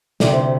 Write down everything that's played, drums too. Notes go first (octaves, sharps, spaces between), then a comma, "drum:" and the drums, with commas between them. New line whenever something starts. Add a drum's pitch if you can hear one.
D2 C3 A3 D5, drum: snare
C5